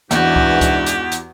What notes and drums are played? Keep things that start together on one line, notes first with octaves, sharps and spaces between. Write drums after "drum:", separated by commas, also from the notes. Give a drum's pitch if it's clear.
E2 G#2 E3 D4 F#4 G4 G6, drum: hi-hat
drum: kick C#2
drum: kick C#2, hi-hat
drum: hi-hat
drum: hi-hat